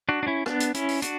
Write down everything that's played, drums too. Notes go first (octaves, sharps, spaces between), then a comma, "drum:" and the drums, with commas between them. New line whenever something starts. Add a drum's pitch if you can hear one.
D4 F#4
D4
C#4 E4
B3 D4, drum: rim click
drum: hi-hat
C#4 E4, drum: hi-hat
drum: open hi-hat
D4 F#4, drum: hi-hat